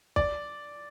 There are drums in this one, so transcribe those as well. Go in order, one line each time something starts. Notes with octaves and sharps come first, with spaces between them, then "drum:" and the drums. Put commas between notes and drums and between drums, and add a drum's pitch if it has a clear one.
D5, drum: kick